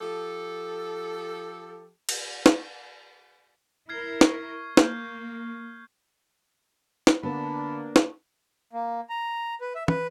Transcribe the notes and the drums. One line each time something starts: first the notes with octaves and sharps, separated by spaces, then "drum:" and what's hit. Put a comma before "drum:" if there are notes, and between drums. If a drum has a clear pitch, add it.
F3 G4 A4
drum: cymbal
drum: snare
E4 A#4 F6 G#6 C7
C#6, drum: snare
A#3 F6 G6, drum: snare
drum: snare
D3 A#3 B3 D4 D5 A5 B5
drum: snare
A#3
A#5
B4
E5
B4, drum: tom